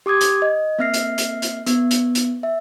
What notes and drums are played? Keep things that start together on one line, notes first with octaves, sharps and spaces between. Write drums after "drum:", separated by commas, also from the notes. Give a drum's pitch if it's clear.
G4 D6 D#6 G#6
drum: hi-hat
D#5
A#3 C4 E5 F6 A#6 C7
drum: hi-hat
drum: hi-hat
drum: hi-hat
B3, drum: hi-hat
drum: hi-hat
drum: hi-hat
E5